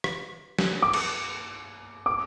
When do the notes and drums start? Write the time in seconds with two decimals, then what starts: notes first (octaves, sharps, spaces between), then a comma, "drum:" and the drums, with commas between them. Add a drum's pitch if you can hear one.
0.04 drum: rim click
0.59 drum: snare
0.82 D6
0.93 drum: cymbal
2.06 D6